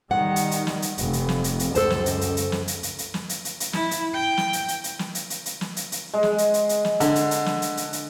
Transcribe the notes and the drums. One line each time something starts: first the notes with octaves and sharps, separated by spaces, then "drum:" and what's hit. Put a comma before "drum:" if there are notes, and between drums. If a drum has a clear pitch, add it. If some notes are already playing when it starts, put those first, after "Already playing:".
D#3 G3 F#5
drum: hi-hat
drum: hi-hat
drum: snare
drum: hi-hat
F1 F2, drum: hi-hat
drum: hi-hat
drum: snare
drum: hi-hat
drum: hi-hat
C#2 F#2 A4 C5 A5, drum: hi-hat
drum: snare
drum: hi-hat
drum: hi-hat
drum: hi-hat
drum: snare
drum: hi-hat
drum: hi-hat
drum: hi-hat
drum: snare
drum: hi-hat
drum: hi-hat
drum: hi-hat
E4, drum: snare
drum: hi-hat
G5
drum: snare
drum: hi-hat
drum: hi-hat
drum: hi-hat
drum: snare
drum: hi-hat
drum: hi-hat
drum: hi-hat
drum: snare
drum: hi-hat
drum: hi-hat
G#3
drum: snare
drum: hi-hat
drum: hi-hat
drum: hi-hat
drum: snare
D3, drum: hi-hat
drum: hi-hat
drum: hi-hat
drum: snare
drum: hi-hat
drum: hi-hat
drum: hi-hat